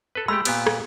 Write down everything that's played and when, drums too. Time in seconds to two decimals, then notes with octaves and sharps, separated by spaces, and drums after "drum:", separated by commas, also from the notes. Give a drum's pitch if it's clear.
0.15 A4 B4
0.28 G#3 A3 G4 B5 E6
0.45 A#2 B3 G4, drum: cymbal
0.67 drum: rim click